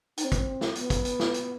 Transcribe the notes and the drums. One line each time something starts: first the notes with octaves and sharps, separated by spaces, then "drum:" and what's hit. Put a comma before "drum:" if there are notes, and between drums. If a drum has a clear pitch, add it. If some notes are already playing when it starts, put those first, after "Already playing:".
D#4, drum: hi-hat
C4
B3, drum: kick, hi-hat
C4
drum: snare
B3, drum: hi-hat
drum: kick, hi-hat
drum: hi-hat
drum: snare
drum: hi-hat